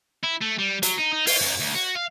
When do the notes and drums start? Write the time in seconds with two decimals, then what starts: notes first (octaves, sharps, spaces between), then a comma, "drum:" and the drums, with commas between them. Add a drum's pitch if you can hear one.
0.24 E4
0.42 A3
0.59 G3
0.83 F#3, drum: hi-hat
0.98 D#4
1.13 D#4
1.27 F4, drum: open hi-hat
1.41 F#2
1.59 D2
1.75 F#4
1.95 F5